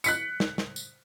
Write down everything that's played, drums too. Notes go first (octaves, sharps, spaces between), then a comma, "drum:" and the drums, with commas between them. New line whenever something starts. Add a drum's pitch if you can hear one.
F#6 B6 C#7, drum: tambourine
drum: snare
drum: snare
drum: tambourine